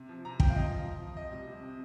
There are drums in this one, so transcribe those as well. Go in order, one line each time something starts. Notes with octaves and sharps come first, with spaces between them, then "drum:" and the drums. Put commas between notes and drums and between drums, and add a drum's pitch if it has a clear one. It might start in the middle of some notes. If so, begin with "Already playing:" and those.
Already playing: C3
F3
C3 A#5
F3 G5, drum: kick
F5
F3 D#5
F3
F3
F3
C3 D#5
G3
C3
C3